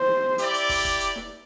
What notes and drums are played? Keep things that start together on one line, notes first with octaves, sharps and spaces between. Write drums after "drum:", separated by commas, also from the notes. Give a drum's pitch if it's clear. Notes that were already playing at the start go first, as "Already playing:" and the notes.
Already playing: C5
E4 G4 D5, drum: hi-hat
drum: hi-hat
drum: kick, open hi-hat
drum: kick, hi-hat
drum: hi-hat
drum: snare